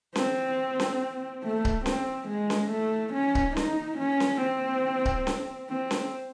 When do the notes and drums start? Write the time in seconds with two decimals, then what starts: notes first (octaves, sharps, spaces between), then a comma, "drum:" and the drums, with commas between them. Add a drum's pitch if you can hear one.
0.15 C4, drum: snare C#4
0.80 drum: snare C#4
1.43 A3
1.65 drum: kick C#1
1.86 C4, drum: snare C#4
2.28 G#3
2.50 drum: snare C#4
2.71 A3
3.14 C#4
3.35 drum: kick C#1
3.57 D#4, drum: snare C#4
3.99 C#4
4.20 drum: snare C#4
4.41 C4
5.05 drum: kick C#1
5.27 drum: snare C#4
5.69 C4
5.91 drum: snare C#4